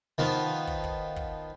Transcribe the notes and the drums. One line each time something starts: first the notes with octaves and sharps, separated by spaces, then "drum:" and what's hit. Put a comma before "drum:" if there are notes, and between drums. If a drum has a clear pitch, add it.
D#3 F3 B3
drum: kick
drum: kick
drum: kick